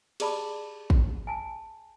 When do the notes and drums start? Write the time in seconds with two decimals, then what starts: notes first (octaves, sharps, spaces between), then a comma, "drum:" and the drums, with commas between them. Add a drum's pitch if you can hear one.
0.20 G4 G#4 D5 A5 B5 D6, drum: cymbal
0.90 drum: kick
1.27 G#5 A5